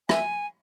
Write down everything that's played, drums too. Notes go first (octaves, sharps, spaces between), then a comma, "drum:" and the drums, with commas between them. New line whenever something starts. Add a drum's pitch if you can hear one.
E5 G#5, drum: rim click